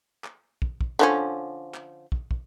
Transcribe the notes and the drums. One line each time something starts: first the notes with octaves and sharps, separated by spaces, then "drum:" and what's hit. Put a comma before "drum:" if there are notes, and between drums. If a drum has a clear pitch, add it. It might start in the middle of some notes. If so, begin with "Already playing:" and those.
drum: clap
drum: kick
drum: kick
D3 F3 C#4
drum: clap
drum: kick
drum: kick